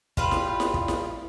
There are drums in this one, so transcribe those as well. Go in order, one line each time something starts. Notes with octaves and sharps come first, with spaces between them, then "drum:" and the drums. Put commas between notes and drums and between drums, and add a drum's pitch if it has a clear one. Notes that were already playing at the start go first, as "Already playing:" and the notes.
G3 F4 B4, drum: kick
drum: snare E4
drum: snare E4
drum: kick
drum: snare E4